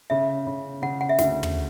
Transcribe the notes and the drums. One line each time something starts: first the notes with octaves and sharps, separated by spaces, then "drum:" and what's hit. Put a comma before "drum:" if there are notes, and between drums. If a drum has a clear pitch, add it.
C#3 E5
C#3
C#3 F#5
F#5
E5
D2 F#5, drum: snare
drum: tom